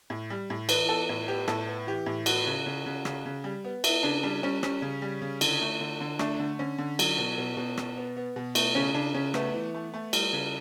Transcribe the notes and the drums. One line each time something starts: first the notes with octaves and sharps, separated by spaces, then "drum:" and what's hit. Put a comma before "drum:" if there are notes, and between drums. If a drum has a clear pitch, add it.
A2
G3
A2
E3 B4, drum: cymbal
B3 A4
A2
B3 G4
A2 A4, drum: rim click
B3
E3 G4
A2
B3 F#4, drum: cymbal
C#3
C#3
C#3
C#3, drum: rim click
C#3
G3
B3
B3 E4, drum: cymbal
C#3 D4
G3 D4
G3 C#4
G3 C#4, drum: rim click
C#3
G3
C#3
D3, drum: cymbal
A3
D3
D3
A3 D4, drum: rim click
D3
D3 C#4
D3
F#3, drum: cymbal
B2
B2
B2
B2, drum: rim click
B3
B3
B2
A3 B3, drum: cymbal
C#3 C#4
C#3 D4
C#3 C#4
A3 B3, drum: rim click
E3
A3
A3
G3, drum: cymbal
C#3